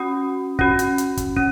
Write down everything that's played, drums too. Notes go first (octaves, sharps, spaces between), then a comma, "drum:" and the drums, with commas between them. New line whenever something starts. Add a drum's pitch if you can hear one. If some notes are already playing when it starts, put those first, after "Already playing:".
Already playing: C#4 F#4 D#6
C#4 F#4, drum: kick
drum: hi-hat
drum: hi-hat
drum: kick, hi-hat
C#4, drum: kick